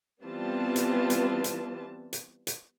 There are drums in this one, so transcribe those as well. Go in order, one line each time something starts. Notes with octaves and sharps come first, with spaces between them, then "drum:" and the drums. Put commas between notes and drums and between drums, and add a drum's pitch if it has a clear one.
E3 G3 B3 C4 F4 A5
drum: hi-hat
drum: hi-hat
drum: hi-hat
drum: hi-hat
drum: hi-hat